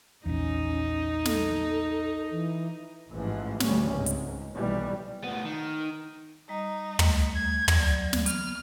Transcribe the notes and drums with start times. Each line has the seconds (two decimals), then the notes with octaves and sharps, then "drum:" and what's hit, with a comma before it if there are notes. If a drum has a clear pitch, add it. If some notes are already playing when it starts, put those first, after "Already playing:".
0.26 A#1 E2 C#4 D#4
1.25 A4, drum: snare
2.31 E3
3.12 A1 G#2 E3 F3
3.60 D2 G3 C#4, drum: snare
3.93 C#2 G#2 C3
4.06 drum: hi-hat
4.24 C#2
4.56 B1 B2 D#3 E3 G3
5.24 A2 B3
5.45 D#3
6.49 G3 D#4
6.99 G3 A3, drum: tom
7.35 G#6
7.68 F#3 D5, drum: tom
8.13 drum: snare
8.26 B3 F6, drum: hi-hat